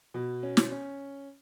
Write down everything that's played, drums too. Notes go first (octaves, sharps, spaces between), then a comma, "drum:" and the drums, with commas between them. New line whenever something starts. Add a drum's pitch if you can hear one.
B2
C#4
drum: snare
C#4